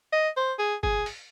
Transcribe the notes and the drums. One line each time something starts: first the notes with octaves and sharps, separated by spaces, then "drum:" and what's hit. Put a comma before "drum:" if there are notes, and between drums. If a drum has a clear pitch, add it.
D#5
C5
G#4
G#4, drum: kick
drum: open hi-hat